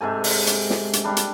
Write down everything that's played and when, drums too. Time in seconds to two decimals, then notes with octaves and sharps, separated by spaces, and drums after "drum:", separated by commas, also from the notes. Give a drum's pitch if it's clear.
0.01 G#2 C3 A4 G#5
0.24 drum: open hi-hat
0.47 drum: hi-hat
0.70 drum: snare
0.93 drum: hi-hat
1.04 G3 D4
1.17 drum: hi-hat